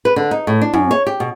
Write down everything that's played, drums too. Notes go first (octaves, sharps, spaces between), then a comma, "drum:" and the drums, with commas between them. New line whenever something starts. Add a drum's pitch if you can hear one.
B4
D3
D#4
A2
D4
F#2, drum: tom
C#5
G4
B2